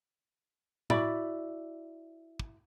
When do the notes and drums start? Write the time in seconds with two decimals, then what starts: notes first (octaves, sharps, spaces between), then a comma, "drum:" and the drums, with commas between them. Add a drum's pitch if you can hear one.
0.90 E4 F#4 D5 B5, drum: tom A2
2.39 drum: kick